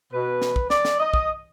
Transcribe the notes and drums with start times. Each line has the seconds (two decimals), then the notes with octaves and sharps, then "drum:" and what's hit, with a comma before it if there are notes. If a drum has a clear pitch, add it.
0.13 B2 B4
0.42 drum: snare
0.56 drum: kick
0.70 D5, drum: snare
0.85 drum: snare
0.99 D#5
1.14 drum: kick